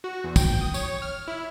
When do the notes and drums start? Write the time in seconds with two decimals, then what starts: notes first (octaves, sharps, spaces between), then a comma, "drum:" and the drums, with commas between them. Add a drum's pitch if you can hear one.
0.04 F#4
0.24 E2
0.36 G5, drum: kick, tambourine
0.61 D#6
0.74 C#5, drum: tambourine
1.02 F6
1.28 E4